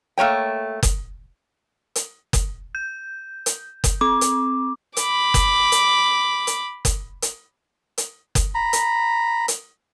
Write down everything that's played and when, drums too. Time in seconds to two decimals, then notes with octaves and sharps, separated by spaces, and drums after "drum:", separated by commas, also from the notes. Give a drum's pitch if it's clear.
0.18 A3 A#3 C#5 G5
0.83 drum: kick F#1, hi-hat
1.95 drum: hi-hat
2.33 drum: kick F#1, hi-hat
2.75 G6
3.46 drum: hi-hat
3.84 drum: kick F#1, hi-hat
4.01 C4 D6
4.21 drum: hi-hat
4.97 B5 D6, drum: hi-hat
5.34 drum: kick F#1, hi-hat
5.72 drum: hi-hat
6.47 drum: hi-hat
6.85 drum: kick F#1, hi-hat
7.22 drum: hi-hat
7.98 drum: hi-hat
8.35 drum: kick F#1, hi-hat
8.55 A#5 B5
8.73 drum: hi-hat
9.48 drum: hi-hat